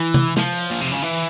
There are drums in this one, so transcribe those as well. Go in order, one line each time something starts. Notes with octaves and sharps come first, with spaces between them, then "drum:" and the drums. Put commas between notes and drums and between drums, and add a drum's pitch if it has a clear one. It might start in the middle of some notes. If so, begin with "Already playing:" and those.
Already playing: E3
drum: tom C3
F3, drum: snare
drum: open hi-hat
A#2
C3
C#3
E3